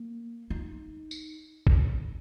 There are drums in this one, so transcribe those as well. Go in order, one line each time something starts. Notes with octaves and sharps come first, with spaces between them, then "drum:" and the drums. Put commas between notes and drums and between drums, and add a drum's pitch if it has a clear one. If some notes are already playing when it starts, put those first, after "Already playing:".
Already playing: A#3
D#4
drum: tambourine
drum: kick